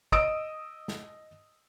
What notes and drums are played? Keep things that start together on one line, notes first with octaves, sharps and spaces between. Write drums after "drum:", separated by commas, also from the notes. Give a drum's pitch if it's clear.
D#5 D#6 E6 D7, drum: kick
drum: snare